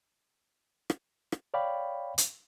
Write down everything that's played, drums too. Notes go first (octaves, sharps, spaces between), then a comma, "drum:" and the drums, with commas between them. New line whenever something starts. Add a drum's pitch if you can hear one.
drum: rim click
drum: rim click
C#5 D5 F5 G5 B5
drum: hi-hat